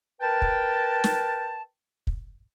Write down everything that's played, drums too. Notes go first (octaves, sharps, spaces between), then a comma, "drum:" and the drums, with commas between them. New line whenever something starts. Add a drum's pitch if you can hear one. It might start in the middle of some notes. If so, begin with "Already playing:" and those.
A#4 B4 G5 A5
drum: kick
drum: snare
drum: kick